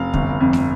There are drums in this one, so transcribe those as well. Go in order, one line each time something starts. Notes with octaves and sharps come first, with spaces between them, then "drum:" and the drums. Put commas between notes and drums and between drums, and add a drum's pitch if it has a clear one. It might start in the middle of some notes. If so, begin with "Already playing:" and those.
Already playing: F1 F5
G1, drum: kick
F2
drum: snare